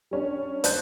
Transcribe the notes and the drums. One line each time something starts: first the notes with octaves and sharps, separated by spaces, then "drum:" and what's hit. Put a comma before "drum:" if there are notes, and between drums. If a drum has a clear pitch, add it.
G3 C#4 D4
C5 D5 A5 F#6 G6, drum: hi-hat